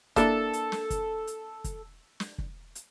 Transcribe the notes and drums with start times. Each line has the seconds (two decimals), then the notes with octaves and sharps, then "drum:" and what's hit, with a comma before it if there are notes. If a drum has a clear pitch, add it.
0.16 A#3 D4 E4 A4, drum: kick, hi-hat
0.53 drum: hi-hat
0.72 drum: snare
0.90 drum: kick, hi-hat
1.27 drum: hi-hat
1.64 drum: kick, hi-hat
2.20 drum: snare
2.38 drum: kick
2.75 drum: hi-hat